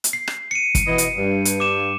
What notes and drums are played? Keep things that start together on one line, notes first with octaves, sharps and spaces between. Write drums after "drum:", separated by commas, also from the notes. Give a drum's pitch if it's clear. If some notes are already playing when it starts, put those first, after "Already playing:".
drum: hi-hat
C7
drum: rim click
C#7 D#7
drum: kick, hi-hat
B2 E3 D#5
drum: hi-hat
G2
drum: hi-hat
D6 E7